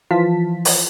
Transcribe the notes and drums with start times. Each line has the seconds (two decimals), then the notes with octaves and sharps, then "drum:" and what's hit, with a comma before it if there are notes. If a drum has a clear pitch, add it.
0.11 E3 F3 F4 A5 B6
0.65 drum: open hi-hat